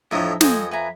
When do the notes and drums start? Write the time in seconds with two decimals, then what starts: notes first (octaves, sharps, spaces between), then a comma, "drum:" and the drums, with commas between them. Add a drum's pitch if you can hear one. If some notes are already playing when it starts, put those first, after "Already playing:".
0.11 F2 A2 F3 D4 D#5 E5 A#5
0.41 F2 A4 C5 D#5 G#5, drum: snare
0.71 B4 E5 G#5 A#5